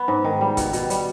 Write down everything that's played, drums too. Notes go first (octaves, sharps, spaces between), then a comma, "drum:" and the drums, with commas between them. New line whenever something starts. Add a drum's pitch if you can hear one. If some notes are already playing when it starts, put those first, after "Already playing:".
Already playing: B3
G#2
D#3
G3
B2, drum: kick, hi-hat
B2, drum: hi-hat
G3, drum: hi-hat